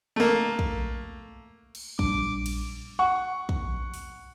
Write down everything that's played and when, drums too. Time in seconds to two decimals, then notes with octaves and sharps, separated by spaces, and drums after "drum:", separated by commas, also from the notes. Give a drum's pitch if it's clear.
0.16 A3 A#3
0.59 drum: kick
1.75 drum: cymbal
1.99 A#1 G3 D4 D6, drum: kick
2.46 drum: cymbal
2.99 F#5 C#6
3.49 drum: kick
3.94 drum: open hi-hat